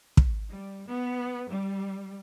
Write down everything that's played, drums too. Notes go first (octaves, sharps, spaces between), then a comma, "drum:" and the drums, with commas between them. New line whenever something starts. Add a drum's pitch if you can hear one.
drum: kick
G3
B3
G3